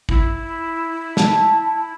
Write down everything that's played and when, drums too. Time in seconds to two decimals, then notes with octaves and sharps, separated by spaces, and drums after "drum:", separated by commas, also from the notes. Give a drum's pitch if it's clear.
0.09 E4, drum: kick A1
1.17 A5, drum: snare